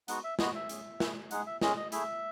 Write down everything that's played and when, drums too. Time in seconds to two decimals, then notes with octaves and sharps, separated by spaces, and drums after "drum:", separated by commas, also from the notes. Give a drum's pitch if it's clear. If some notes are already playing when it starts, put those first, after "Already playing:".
0.08 G#3 B3 D#4 F#4 F#5, drum: hi-hat
0.24 E5
0.39 G#3 B3 F#4 D#5, drum: snare
0.55 E5
0.69 C#4 G#4, drum: hi-hat
1.00 A3 E4 G#4, drum: snare
1.31 G#3 D#4 G#4 F#5, drum: hi-hat
1.46 E5
1.61 G#3 C#4 G#4 D#5, drum: snare
1.77 D#5
1.92 A3 E4 G#4 E5, drum: hi-hat